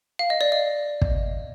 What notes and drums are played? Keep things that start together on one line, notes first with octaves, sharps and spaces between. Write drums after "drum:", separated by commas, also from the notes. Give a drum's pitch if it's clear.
F5
D#5
D5
D#5
drum: kick